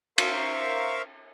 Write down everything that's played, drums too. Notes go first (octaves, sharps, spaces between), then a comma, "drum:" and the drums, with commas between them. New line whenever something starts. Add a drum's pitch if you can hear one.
A#4 C5 E5 F5 C#6, drum: cymbal